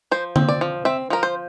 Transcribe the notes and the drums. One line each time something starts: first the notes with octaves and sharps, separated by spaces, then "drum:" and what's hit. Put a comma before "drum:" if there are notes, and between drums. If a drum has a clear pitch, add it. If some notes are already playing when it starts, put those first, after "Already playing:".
F3 C5
C4, drum: tom D3
D5
F3
C4 E5
F3 A#4
C5